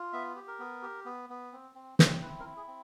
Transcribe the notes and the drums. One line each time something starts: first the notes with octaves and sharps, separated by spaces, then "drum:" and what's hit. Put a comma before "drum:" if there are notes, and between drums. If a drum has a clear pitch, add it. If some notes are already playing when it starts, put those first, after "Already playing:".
Already playing: F4
B3 E5
G4
A#4
B3
G4
B3
B3
C4
C4
C4, drum: snare
E4 B4
A#4
E4
G#4
C4